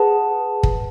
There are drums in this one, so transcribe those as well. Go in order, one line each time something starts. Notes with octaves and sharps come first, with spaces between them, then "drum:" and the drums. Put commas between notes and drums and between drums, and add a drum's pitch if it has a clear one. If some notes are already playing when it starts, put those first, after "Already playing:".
Already playing: G#4 B4 F#5 A5
drum: kick